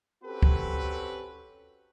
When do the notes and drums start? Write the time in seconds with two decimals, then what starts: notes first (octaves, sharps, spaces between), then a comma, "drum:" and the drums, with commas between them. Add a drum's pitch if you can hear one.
0.24 C4 C#4 F#4 G4 A4 B4
0.43 drum: kick D2